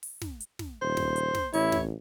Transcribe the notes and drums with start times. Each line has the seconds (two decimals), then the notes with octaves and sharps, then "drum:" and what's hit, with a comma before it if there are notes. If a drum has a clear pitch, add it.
0.03 drum: open hi-hat
0.22 drum: snare
0.40 drum: hi-hat
0.59 drum: snare
0.82 D#1 C5
0.97 drum: snare
1.16 drum: hi-hat
1.35 drum: snare
1.53 A1 E4 C#5, drum: open hi-hat
1.72 drum: snare